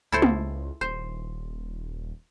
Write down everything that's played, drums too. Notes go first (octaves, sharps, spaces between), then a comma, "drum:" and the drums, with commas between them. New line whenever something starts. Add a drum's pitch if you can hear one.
C#2 E4 A4 C5
drum: tom
D#1 C5